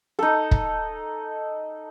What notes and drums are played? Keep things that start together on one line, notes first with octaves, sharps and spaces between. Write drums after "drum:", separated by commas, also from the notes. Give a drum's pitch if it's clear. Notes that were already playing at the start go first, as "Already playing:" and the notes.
D#4 A4
drum: kick